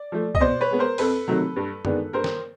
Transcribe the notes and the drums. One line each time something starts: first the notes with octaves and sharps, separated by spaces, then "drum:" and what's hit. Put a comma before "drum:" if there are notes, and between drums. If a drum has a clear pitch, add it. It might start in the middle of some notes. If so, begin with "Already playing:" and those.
Already playing: D5
F3 A3
D#5, drum: kick C2
B2 C5 D5
B4 C#5
G#3 B3
A#4 C5
F2 A4 B4, drum: open hi-hat
C3 D#3 F#3 A3
G2
D#3 G#3 B3 D4, drum: tom F#2
G2 A#4 C5
drum: snare